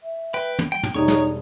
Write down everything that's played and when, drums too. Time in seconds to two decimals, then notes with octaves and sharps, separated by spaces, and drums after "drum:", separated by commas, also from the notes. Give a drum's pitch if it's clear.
0.03 E5
0.34 B4 G5
0.59 drum: tom
0.72 G3 G5
0.83 drum: tom
0.94 E1 G3 D#4 C#5 D5 C#6 D#6
1.08 drum: snare